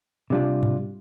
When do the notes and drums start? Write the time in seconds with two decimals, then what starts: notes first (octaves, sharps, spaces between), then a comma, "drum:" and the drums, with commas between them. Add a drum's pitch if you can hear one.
0.30 C3 G3 D4 F4
0.63 drum: tom G#2